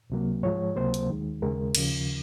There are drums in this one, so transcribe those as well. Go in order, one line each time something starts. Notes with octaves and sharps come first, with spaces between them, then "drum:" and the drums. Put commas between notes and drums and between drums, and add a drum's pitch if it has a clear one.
C#2 C3 F#3 A#3
G#2 F3 G#3 C#5
C#2 C3 F#3 A#3 C5
drum: hi-hat
D#2 D#3 G#3
D#2 C#3 G#3 A#4
D#2 C#3 F3, drum: cymbal